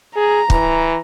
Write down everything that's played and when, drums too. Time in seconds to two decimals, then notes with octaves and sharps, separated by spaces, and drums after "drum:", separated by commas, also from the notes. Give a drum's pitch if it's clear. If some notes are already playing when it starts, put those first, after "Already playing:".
0.16 G#4 A#5
0.50 E3, drum: kick